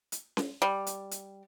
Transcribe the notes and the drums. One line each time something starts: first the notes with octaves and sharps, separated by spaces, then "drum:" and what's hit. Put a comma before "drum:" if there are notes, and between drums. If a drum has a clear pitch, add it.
drum: hi-hat
drum: snare C#4
G3
drum: hi-hat
drum: hi-hat